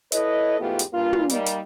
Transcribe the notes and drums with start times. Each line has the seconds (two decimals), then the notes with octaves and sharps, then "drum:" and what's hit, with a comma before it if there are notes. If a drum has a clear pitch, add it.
0.12 E4 A4 B4 C#5 D#5, drum: hi-hat
0.59 E2 G#2 A3 B3 F4 G4
0.79 drum: hi-hat
0.93 G2 A#2 A#3 F4
1.13 drum: tom
1.29 G3 A#3 D#4, drum: hi-hat
1.46 drum: hi-hat